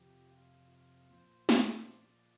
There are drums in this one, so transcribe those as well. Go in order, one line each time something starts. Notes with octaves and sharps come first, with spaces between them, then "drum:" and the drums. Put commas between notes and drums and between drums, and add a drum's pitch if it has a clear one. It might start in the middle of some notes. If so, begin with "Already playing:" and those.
Already playing: F2 C3 F3 G4
F4
F4
A#2 F3 C5
drum: snare
D5